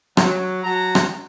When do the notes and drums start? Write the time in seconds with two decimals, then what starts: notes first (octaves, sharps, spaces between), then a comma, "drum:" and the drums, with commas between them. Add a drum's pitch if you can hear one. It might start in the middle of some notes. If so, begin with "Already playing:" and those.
0.17 F#3, drum: rim click
0.63 F#3 F#5 A5 A#5
0.95 drum: rim click